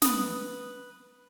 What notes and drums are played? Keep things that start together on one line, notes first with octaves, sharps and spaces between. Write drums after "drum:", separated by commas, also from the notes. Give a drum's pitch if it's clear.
B4 D#6, drum: snare